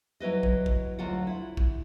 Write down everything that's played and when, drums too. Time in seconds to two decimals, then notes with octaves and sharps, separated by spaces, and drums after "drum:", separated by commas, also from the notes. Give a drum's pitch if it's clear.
0.20 F#3 E4 B4 D#5
0.43 drum: kick
0.66 drum: kick
0.99 D2 F#3 F4 F#5
1.27 E4
1.57 drum: kick